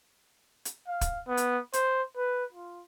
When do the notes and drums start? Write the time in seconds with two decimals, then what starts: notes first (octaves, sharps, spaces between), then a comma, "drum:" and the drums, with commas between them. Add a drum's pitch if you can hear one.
0.65 drum: hi-hat
0.88 F5
1.01 drum: kick, hi-hat
1.27 B3
1.37 drum: hi-hat
1.73 C5, drum: hi-hat
2.17 B4
2.53 F4